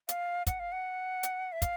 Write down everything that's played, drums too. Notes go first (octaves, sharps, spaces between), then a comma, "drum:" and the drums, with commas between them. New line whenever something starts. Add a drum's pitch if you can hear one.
F5, drum: hi-hat
F#5, drum: kick, hi-hat
F5
F#5
drum: hi-hat
E5
F5, drum: kick, hi-hat